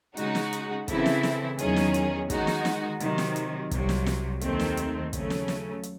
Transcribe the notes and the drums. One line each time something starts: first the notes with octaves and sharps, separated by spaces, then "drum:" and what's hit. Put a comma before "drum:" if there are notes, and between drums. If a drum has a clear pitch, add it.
C#3 G#3 D#4 F#4, drum: hi-hat
drum: snare
drum: hi-hat
C#3 E3 C4 E4 A4, drum: kick, hi-hat
drum: snare
drum: snare
E2 D#3 F#3 C#4 G#4, drum: hi-hat
drum: snare
drum: hi-hat
D#3 G#3 D#4 F#4, drum: kick, hi-hat
drum: snare
drum: snare
C3 D#3 F#3, drum: hi-hat
drum: snare
drum: hi-hat
C2 C3 F#3, drum: kick, hi-hat
drum: snare
drum: snare
D#2 D#3 A3 C4, drum: hi-hat
drum: snare
drum: hi-hat
C#3 F#3 A3 C#4, drum: kick, hi-hat
drum: snare
drum: snare
drum: hi-hat